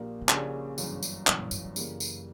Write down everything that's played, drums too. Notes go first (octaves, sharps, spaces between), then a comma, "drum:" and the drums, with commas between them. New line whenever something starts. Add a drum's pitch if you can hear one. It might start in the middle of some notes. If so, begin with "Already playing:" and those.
Already playing: A#1 A#2 A#3 D4 G4
B2
A#1 A#2 C#3 A#3 D4 G4, drum: clap
G1 F#2 E3, drum: tambourine
drum: tambourine
G1 F#2 B2 E3, drum: clap
A#2
G2, drum: tambourine
F#2
C#3 E3 G3 A#3, drum: tambourine
drum: tambourine